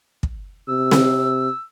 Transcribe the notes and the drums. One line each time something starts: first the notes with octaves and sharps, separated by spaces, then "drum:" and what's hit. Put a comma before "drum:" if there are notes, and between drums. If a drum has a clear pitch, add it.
drum: kick
C3 E6
drum: snare C4